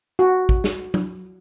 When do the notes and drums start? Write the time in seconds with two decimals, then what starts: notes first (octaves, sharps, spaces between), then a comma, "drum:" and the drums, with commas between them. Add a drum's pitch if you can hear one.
0.19 F#4
0.49 drum: kick A1
0.64 drum: snare
0.94 drum: tom F#3